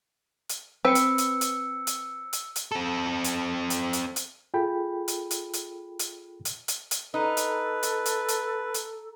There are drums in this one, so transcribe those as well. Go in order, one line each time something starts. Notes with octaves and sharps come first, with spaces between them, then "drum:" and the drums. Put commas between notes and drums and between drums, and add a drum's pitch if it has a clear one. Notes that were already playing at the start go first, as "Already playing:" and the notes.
drum: hi-hat
C4 B4 E6 C#7
drum: hi-hat
drum: hi-hat
drum: hi-hat
drum: hi-hat
drum: hi-hat
drum: hi-hat
C4 A4
drum: hi-hat
drum: hi-hat
drum: hi-hat
drum: hi-hat
F4 G#4 A4 G5 B5
drum: hi-hat
drum: hi-hat
drum: hi-hat
drum: hi-hat
drum: hi-hat
drum: hi-hat
drum: hi-hat
D#4 A4 B4 A#5
drum: hi-hat
drum: hi-hat
drum: hi-hat
drum: hi-hat
drum: hi-hat